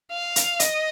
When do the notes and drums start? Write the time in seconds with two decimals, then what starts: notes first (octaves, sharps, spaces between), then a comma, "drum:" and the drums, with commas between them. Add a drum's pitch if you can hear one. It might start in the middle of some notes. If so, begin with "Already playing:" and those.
0.12 F5
0.36 drum: hi-hat
0.60 D#5, drum: hi-hat